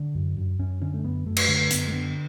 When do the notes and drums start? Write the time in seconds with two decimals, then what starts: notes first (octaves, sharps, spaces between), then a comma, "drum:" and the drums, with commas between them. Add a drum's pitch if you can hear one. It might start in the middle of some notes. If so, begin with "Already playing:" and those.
Already playing: D3 D4
0.15 F#2
0.37 F#2
0.59 F#2 C#4
0.82 D3 C#4
0.94 A3
1.04 F#2 B3
1.26 F#2 A3
1.37 drum: cymbal
1.48 D3 A3
1.71 F#2 B3, drum: hi-hat
1.88 A3
1.92 D3 B3